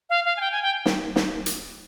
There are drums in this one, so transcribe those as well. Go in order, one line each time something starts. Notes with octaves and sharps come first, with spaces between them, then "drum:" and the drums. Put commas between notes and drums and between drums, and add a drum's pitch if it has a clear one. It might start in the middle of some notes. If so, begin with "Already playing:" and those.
F5
F5
G#5
G5
G#5
G5
drum: snare
drum: snare
drum: hi-hat